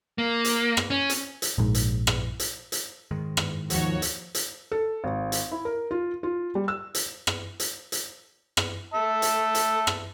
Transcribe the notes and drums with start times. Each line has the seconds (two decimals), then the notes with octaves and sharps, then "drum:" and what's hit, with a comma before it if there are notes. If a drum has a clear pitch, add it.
0.18 A#3
0.44 drum: hi-hat
0.77 drum: rim click
0.90 C#4
1.09 drum: hi-hat
1.42 drum: hi-hat
1.58 A#1 G#2
1.75 drum: hi-hat
2.07 drum: rim click
2.40 drum: hi-hat
2.72 drum: hi-hat
3.11 G#2 D#3 G#3
3.37 drum: rim click
3.70 D#2 F3 F#4 C#5, drum: hi-hat
4.02 drum: hi-hat
4.35 drum: hi-hat
4.72 A4
5.04 G#1
5.32 drum: hi-hat
5.52 E4
5.65 A#4
5.91 F4
6.23 F4
6.55 G3
6.68 E6
6.95 drum: hi-hat
7.27 drum: rim click
7.60 drum: hi-hat
7.92 drum: hi-hat
8.57 drum: rim click
8.94 E5 A5
9.22 drum: hi-hat
9.55 drum: hi-hat
9.87 drum: rim click